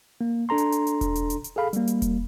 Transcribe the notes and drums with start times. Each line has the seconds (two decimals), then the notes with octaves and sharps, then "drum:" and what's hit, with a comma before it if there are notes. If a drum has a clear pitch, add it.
0.21 A#3
0.49 D4 A4 A#5 C6
0.58 drum: hi-hat
0.72 drum: hi-hat
0.87 drum: hi-hat
1.01 drum: kick E1, hi-hat
1.15 drum: hi-hat
1.30 drum: hi-hat
1.44 drum: hi-hat
1.56 G#4 A4 F5 B5
1.73 G3 A#3, drum: hi-hat
1.87 drum: hi-hat
2.02 drum: kick E1, hi-hat